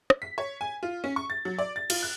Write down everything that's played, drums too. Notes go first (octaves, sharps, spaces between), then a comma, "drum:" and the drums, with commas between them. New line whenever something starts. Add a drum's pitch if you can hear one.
drum: rim click
B6
C#5
G#5
F4
C#4
C#6
A6
F#3
D5
A6
F4, drum: cymbal
F#6